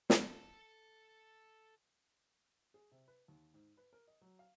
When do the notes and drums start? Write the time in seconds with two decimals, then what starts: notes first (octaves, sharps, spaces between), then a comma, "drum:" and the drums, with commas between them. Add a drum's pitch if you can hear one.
0.10 A4 A5, drum: snare
2.74 G#4
2.92 C3
3.08 B4
3.28 D#2
3.54 G#2
3.77 B4
3.93 A#4
4.08 D#5
4.21 F#3
4.39 F5